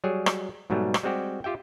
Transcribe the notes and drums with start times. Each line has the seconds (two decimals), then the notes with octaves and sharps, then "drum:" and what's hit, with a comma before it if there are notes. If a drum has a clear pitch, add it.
0.04 F#3 G3 G#4 C#5
0.26 drum: rim click
0.70 G#2 B2 F#3 G3 A3
0.94 drum: rim click
1.03 G3 G#3 C4 F#4 G4
1.44 F4 G4 E5 G5